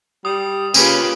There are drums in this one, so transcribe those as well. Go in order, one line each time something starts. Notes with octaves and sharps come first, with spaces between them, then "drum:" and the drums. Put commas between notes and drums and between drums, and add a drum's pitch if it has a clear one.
G3 D#6
C#3 A#3 C#4 F4 G4 B4, drum: tambourine